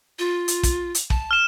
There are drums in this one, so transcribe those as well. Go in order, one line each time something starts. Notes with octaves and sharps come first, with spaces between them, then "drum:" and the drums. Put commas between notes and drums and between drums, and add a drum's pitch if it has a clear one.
F4
drum: hi-hat
drum: kick, hi-hat
drum: hi-hat
A5, drum: kick
F6 E7